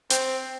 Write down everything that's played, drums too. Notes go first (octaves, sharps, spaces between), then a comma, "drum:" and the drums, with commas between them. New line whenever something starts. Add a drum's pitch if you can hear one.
C4, drum: hi-hat